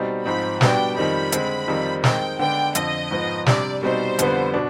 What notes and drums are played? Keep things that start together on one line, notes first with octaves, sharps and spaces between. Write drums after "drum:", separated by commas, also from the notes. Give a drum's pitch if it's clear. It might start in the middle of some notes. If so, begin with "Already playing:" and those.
Already playing: B2 G3 C4 D#4
G#2 F3 C4 D#4 B5
B2 G3 B3 D4 G5, drum: snare
F2 D#3 G3 C4 D#4 B5
D3 G#3 C4, drum: hi-hat
F2 D#3 G3 C4 D#4
D#3 G#3 C4 D#4 G5, drum: snare
D3 G#3 B3 D4 G5
F2 D3 F3 D#5, drum: hi-hat
G#2 F3 B3
C3 G3 D4 D5, drum: snare
B2 G3 C4 D#4 C5
F2 D3 G3 B3, drum: hi-hat
B2 D4